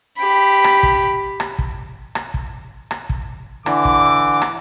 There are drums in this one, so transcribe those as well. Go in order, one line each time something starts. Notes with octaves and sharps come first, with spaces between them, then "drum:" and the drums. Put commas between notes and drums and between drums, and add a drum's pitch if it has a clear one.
G4 B5
drum: rim click
drum: kick
drum: rim click
drum: kick
drum: rim click
drum: kick
drum: rim click
drum: kick
D3 E3 D6, drum: rim click
drum: kick
drum: rim click